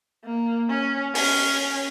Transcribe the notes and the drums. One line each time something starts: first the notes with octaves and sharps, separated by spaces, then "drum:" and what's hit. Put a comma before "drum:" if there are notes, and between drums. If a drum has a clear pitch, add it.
A#3
C#4
C#4, drum: open hi-hat